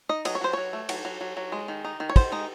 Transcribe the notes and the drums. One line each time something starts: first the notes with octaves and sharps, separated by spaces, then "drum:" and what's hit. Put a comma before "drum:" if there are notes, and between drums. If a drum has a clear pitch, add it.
D#4 D#5
F#3 D#5, drum: cymbal
C#5
F#3 C5
F#3 C#5
A3
F#3, drum: cymbal
F#3
F#3
F#3
G#3
D#3
D#4
D#3
C#5
D#3 C5, drum: kick, cymbal
G#3 D#4